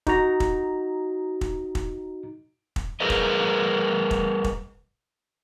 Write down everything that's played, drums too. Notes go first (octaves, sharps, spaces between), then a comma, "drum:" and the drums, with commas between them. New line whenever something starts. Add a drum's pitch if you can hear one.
D#4 F#4 A#5, drum: kick
drum: kick
drum: kick
drum: kick
drum: kick
G3 G#4 A#4 B4 D#5
drum: kick
drum: kick
drum: kick